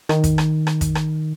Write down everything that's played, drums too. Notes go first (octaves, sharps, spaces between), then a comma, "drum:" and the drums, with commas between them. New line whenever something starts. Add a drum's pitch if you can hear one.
D#3, drum: rim click
drum: kick, hi-hat
drum: rim click
drum: rim click
drum: kick, hi-hat
drum: rim click